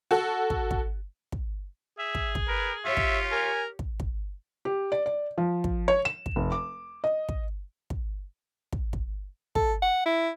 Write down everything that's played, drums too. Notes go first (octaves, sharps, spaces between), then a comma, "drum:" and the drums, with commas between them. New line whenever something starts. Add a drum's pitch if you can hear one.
F#4 A4
drum: kick
drum: kick
drum: kick
G#4 E5
drum: kick
drum: kick
A#4 B4
F4 G4 C#5 E5
drum: kick
A#4 G#5
drum: kick
drum: kick
G4
D5
D5
F3
drum: kick
C#5
E7
drum: kick
F1
D6
D#5
drum: kick
drum: kick
drum: kick
drum: kick
A4, drum: kick
F#5
E4